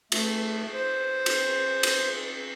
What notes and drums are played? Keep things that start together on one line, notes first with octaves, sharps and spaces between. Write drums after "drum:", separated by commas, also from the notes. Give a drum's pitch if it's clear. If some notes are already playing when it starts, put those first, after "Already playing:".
A3, drum: cymbal
C5
drum: cymbal
drum: cymbal